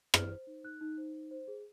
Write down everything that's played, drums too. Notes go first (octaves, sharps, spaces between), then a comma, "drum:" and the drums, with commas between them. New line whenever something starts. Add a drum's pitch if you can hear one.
C5 F6, drum: rim click
C5
D#4
D#4 F#6
D#4
C5
D#4
C5
G#4